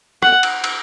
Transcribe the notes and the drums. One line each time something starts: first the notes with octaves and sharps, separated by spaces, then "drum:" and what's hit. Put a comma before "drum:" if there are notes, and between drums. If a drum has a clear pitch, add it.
F#5, drum: rim click
drum: cymbal
drum: cymbal